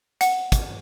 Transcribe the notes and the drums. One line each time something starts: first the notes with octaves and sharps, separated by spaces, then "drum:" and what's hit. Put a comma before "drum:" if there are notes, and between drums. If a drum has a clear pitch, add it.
F#5, drum: hi-hat
drum: kick, hi-hat